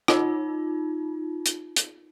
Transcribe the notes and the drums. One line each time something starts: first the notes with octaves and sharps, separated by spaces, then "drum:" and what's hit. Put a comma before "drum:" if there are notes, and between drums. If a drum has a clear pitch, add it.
D#4 F4, drum: rim click
drum: hi-hat
drum: hi-hat